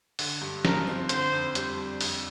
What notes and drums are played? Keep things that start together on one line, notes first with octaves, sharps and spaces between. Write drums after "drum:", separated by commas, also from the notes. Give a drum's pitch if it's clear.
D3, drum: open hi-hat
G2
F3 A#4, drum: snare
C4
D3 C5, drum: hi-hat
F2
G3, drum: hi-hat
D4
F2, drum: open hi-hat